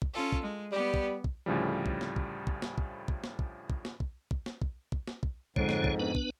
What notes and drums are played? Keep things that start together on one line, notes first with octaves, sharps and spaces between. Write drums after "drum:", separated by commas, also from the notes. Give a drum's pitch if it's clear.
drum: kick
C#4 F4 A4
drum: kick
G#3
G3 B3 G4
drum: kick
drum: kick
D2 A2 C#3 F3 G3
drum: kick
drum: snare
drum: kick
drum: kick
drum: snare
drum: kick
drum: kick
drum: snare
drum: kick
drum: kick
drum: snare
drum: kick
drum: kick
drum: snare
drum: kick
drum: kick
drum: snare
drum: kick
F2 G#2 D3 G#3 C#5, drum: kick
drum: snare
drum: kick
B3 D4 B4
drum: kick